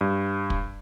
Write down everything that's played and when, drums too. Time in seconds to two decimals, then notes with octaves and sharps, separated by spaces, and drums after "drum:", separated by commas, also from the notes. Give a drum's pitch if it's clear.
0.01 G2
0.50 drum: kick